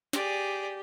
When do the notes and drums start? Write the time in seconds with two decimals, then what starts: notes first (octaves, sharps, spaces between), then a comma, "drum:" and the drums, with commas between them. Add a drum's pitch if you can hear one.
0.13 G4 G#4 D5, drum: snare